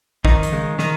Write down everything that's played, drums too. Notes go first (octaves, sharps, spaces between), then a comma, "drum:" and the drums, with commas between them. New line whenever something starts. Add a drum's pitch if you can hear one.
F2 D#3 D#4, drum: kick
drum: hi-hat
C#3 G#3
D#3 D#4, drum: snare